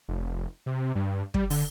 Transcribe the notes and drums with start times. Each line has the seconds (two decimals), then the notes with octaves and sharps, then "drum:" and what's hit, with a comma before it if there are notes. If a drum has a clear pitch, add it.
0.08 F1
0.66 C3
0.95 G2
1.34 G3, drum: kick
1.50 D3, drum: open hi-hat